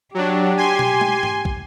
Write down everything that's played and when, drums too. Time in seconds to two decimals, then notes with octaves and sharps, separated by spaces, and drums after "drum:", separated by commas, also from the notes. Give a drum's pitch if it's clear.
0.14 F#3 D4 G4
0.57 G#5 C6
0.79 drum: tom
1.01 drum: tom
1.23 drum: tom G#2
1.45 drum: kick